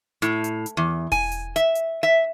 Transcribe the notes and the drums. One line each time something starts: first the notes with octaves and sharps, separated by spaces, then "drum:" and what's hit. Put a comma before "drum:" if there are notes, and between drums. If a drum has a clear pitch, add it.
A2, drum: hi-hat
drum: hi-hat
drum: hi-hat
E2
G#5, drum: kick E1, open hi-hat
drum: hi-hat
E5, drum: hi-hat
drum: hi-hat
E5